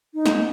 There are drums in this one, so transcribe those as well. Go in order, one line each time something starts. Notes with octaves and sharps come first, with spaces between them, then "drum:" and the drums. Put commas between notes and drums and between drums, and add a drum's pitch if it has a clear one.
D#4
drum: snare